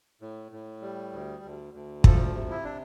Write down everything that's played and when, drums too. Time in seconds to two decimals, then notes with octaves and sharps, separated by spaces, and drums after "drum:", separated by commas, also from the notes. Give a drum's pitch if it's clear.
0.21 A2
0.52 A2
0.82 G3
1.12 D2
1.43 D2
1.74 D2
2.04 F3 A4, drum: kick
2.35 C3
2.50 E4
2.64 D4